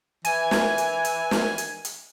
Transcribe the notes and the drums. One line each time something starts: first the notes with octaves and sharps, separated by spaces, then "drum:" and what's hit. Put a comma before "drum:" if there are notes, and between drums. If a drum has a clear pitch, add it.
E3 G#5, drum: hi-hat
drum: snare
drum: hi-hat
drum: hi-hat
drum: snare
drum: hi-hat
drum: hi-hat